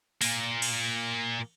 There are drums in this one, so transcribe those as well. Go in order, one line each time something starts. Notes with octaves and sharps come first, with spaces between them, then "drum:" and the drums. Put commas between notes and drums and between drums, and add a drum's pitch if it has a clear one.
A#2 A#3, drum: open hi-hat
drum: cymbal